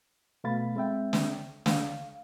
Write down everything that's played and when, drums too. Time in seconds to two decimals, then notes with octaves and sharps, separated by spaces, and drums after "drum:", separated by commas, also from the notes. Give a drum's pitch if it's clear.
0.44 B2 A3 F5 B5 A6
0.76 G#3 C4 E5 G5
1.13 drum: snare
1.66 F5, drum: snare